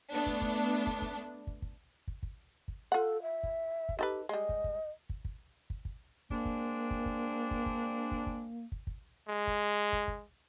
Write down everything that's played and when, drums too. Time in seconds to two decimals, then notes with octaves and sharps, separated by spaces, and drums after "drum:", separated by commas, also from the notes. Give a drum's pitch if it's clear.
0.11 A3 B3 D4
0.26 drum: kick
0.41 drum: kick
0.87 drum: kick
1.02 drum: kick
1.47 drum: kick
1.62 drum: kick
2.08 drum: kick
2.23 drum: kick
2.68 drum: kick
2.92 F4 A4 F#5
3.22 E5
3.43 drum: kick
3.89 drum: kick
3.99 D#4 G4 A4 B4
4.29 G3 G#3 D#5
4.49 drum: kick
4.64 drum: kick
5.10 drum: kick
5.25 drum: kick
5.70 drum: kick
5.85 drum: kick
6.30 G#3 A#3 C4 D4, drum: kick
6.45 drum: kick
6.91 drum: kick
7.06 drum: kick
7.51 drum: kick
7.66 drum: kick
8.11 drum: kick
8.27 drum: kick
8.72 drum: kick
8.87 drum: kick
9.28 G#3
9.47 drum: kick
9.93 drum: kick
10.08 drum: kick